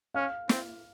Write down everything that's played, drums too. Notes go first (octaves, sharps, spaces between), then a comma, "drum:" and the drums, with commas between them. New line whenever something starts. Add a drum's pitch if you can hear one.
C#4 F5 F6
C4, drum: snare